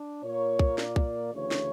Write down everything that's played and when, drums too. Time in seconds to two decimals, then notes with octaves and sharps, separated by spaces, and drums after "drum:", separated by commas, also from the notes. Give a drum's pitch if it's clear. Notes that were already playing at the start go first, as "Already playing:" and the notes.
Already playing: D4
0.23 A#2 A#3 C#5
0.59 drum: kick
0.78 D5, drum: snare
0.96 drum: kick
1.33 D2 C#3 E3 C#5
1.51 drum: snare